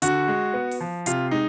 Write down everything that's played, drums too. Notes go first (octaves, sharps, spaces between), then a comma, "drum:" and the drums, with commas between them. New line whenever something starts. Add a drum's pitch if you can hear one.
D3 F#4, drum: hi-hat
G#3
B3
drum: open hi-hat
F3
C3 F4, drum: hi-hat
G#3 D#4